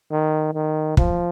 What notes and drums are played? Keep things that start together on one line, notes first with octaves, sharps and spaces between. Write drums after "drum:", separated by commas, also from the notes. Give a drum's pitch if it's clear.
D#3
D#3
F3, drum: kick